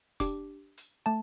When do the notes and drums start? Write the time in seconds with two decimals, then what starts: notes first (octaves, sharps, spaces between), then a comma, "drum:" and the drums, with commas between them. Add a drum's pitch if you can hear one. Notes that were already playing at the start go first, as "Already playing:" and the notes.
0.20 D4 G4 D6, drum: kick F1, hi-hat
0.78 drum: hi-hat
1.06 A3 A5